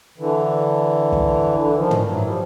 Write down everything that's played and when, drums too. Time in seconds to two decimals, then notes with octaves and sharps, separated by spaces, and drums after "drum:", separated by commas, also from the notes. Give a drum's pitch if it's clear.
0.18 D3 E3
1.12 drum: kick
1.59 D3 E3
1.75 D#3 F3
1.91 drum: tom
2.07 E3 F#3
2.22 F3 G3